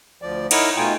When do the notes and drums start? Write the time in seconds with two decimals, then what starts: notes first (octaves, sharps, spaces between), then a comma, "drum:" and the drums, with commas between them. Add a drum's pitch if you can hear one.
0.22 D2 F3 D5
0.51 D#4 E4 A#4 C#5 D#5 F#5, drum: cymbal
0.77 B2 A3 D#4 F4 G5 G#5